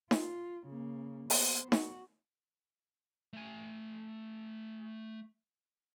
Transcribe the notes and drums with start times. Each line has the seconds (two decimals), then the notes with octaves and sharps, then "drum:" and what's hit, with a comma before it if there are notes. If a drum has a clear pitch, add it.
0.11 F4, drum: snare D#4
0.67 C#3 A#3
1.30 B3 C5, drum: open hi-hat
1.72 F#4, drum: snare D#4
3.33 A3 G#5